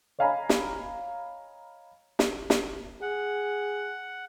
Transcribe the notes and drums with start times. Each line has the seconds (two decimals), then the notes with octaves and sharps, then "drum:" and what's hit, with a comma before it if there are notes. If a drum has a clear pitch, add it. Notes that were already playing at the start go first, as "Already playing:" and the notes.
0.19 C#5 D#5 F5 G#5 A#5 B5
0.49 drum: snare
2.19 drum: snare
2.50 drum: snare
3.02 G#4 F#5